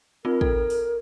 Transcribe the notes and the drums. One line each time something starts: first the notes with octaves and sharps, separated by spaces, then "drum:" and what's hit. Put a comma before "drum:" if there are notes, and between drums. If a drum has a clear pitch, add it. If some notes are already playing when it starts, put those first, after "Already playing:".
C4 D#4 F4 A#4
A4, drum: kick
drum: open hi-hat